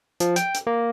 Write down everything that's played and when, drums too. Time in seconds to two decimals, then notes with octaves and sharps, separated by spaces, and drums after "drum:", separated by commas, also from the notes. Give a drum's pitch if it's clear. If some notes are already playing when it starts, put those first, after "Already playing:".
0.20 F3, drum: hi-hat
0.36 G5, drum: hi-hat
0.55 drum: hi-hat
0.67 A#3